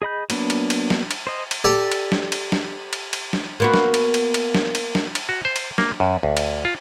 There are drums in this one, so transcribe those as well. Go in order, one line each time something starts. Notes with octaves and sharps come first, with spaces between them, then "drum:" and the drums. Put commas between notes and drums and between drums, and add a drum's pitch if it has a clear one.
G#4 D#5 B5 G6
F#3 A#3 B3 D4, drum: cymbal
drum: cymbal
drum: cymbal
drum: snare
drum: cymbal
C5 D#5
drum: cymbal
G4 A4 D5
drum: cymbal
drum: snare
drum: cymbal
drum: snare
drum: cymbal
drum: cymbal
drum: snare
A#3 B3 F#4
drum: snare
drum: cymbal
drum: cymbal
drum: cymbal
drum: snare
drum: cymbal
drum: snare
drum: cymbal
F#4
C5
drum: cymbal
A#3, drum: snare
F#2
D2
drum: cymbal
F4